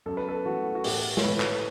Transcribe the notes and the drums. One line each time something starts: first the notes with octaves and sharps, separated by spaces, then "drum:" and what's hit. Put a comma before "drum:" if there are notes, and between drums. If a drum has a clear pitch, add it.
F#2 A4
B4
A4
E3 A3 F#4
F#4
A2 G4, drum: open hi-hat
C#5, drum: snare
E3 A3 B4
drum: clap